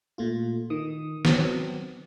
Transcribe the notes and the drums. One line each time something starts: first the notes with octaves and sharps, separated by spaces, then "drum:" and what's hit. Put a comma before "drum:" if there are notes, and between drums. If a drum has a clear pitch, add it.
A#2 A3 F4
D#3 D#6
F#3 B3 C4, drum: snare